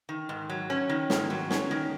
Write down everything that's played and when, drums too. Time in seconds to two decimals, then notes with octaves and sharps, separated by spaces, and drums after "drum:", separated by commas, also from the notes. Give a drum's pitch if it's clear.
0.09 D#3
0.29 G#2
0.50 F#3
0.70 C#4
0.89 D#3
1.10 G#2, drum: snare
1.30 F#3
1.51 C#4, drum: snare
1.71 D#3